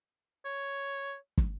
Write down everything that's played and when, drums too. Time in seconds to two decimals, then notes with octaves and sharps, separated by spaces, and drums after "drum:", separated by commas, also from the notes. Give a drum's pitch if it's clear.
0.45 C#5
1.38 drum: kick